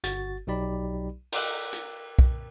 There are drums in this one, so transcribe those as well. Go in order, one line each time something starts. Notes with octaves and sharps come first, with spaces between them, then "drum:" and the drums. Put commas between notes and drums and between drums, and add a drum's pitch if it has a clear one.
G1 F#4 A6, drum: hi-hat
B1 F#3 D#4 G4 D5 B5
A#4 G5 D6 E6 F#6, drum: cymbal
drum: hi-hat
drum: kick B1